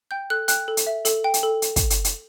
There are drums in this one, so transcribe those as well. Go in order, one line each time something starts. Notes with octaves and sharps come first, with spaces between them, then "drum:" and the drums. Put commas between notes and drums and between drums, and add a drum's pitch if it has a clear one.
G5 G6
A4 F#6
G5 F#6, drum: hi-hat
A4
drum: hi-hat
E5
A4, drum: hi-hat
G5
drum: hi-hat
A4
drum: hi-hat
drum: kick, hi-hat
drum: hi-hat
drum: hi-hat